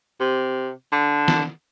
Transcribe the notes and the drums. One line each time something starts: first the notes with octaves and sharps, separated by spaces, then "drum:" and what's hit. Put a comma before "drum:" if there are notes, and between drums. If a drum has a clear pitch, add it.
C3
D3
drum: snare